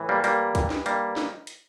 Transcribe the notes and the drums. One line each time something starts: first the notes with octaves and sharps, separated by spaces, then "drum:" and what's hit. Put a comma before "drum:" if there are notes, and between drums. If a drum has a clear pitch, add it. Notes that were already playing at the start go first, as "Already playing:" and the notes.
Already playing: A2 E3
G3 A#3
G3 A#3, drum: hi-hat
G2 E3, drum: kick, hi-hat
drum: snare
G3 A#3, drum: hi-hat
drum: snare
drum: hi-hat